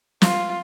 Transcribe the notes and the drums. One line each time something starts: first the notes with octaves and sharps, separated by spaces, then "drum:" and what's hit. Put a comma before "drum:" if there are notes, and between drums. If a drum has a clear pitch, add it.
F4, drum: snare